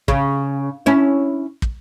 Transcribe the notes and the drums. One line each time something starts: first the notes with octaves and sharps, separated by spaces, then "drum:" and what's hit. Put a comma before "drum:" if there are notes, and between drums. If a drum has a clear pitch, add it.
C#3, drum: kick
C#4 E4
drum: kick